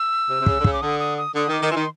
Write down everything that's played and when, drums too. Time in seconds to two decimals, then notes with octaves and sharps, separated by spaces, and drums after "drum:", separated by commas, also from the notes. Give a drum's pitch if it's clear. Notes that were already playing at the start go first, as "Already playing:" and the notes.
Already playing: E6
0.29 C3
0.41 C3
0.46 C#3, drum: kick
0.60 D3
0.64 C#3, drum: kick
0.73 D6
0.82 D3 D#6
1.00 D#6
1.18 D#6
1.35 D3 D#6
1.48 D#3
1.53 D6
1.62 D#3
1.71 E3 C6
1.76 D#3